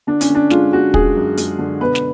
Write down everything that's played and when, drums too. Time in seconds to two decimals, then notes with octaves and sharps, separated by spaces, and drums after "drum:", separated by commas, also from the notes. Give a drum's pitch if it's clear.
0.07 D3 D4
0.21 C#4, drum: hi-hat
0.30 D3
0.35 D4
0.50 G#3 F4, drum: snare
0.73 G#3 F#4
0.94 G#3 G#4, drum: kick
1.16 F#2
1.37 G#3, drum: hi-hat
1.58 D3
1.80 B2 B4
1.95 drum: snare